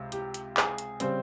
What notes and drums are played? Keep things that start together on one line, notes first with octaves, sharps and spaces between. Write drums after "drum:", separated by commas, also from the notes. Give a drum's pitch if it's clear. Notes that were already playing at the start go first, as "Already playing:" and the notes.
Already playing: C#2 C3
G4, drum: hi-hat
drum: hi-hat
G#4, drum: clap
drum: hi-hat
C#3 G3 C4 C5, drum: hi-hat